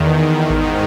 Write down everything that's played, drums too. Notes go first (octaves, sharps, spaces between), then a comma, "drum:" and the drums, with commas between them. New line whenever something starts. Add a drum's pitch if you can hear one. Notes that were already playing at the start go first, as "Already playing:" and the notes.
Already playing: E2 D#3
G#2 D#3, drum: kick G#1